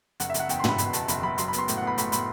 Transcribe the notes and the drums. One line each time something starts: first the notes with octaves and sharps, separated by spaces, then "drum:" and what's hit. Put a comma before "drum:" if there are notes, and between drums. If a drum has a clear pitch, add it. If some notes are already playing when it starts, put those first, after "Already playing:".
F#1 F#5, drum: hi-hat
E5
F#1, drum: hi-hat
F#5
E2 G5, drum: hi-hat
C6
B2 B5, drum: tom
E2 B5, drum: hi-hat
E2 A5, drum: hi-hat
F#1 B5, drum: hi-hat
F#1 B5
F#3 C6, drum: hi-hat
B5
B3, drum: hi-hat
C6
A2, drum: hi-hat
F#5
B3
B5
A2 B5, drum: hi-hat
A2 B5, drum: hi-hat